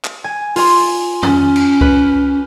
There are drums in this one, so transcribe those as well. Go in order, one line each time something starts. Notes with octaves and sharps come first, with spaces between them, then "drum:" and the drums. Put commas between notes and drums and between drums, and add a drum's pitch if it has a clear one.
drum: clap
G#5
F4 G#5 C6, drum: open hi-hat
C#4, drum: tom F2
drum: cymbal
B4, drum: kick C#2